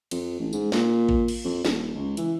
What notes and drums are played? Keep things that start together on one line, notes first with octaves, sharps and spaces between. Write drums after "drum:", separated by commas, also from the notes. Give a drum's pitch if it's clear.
F2, drum: cymbal
A1
G#2, drum: tambourine
A#2, drum: snare
drum: kick A1
drum: cymbal
F2
D#1, drum: snare
C#2
E3, drum: hi-hat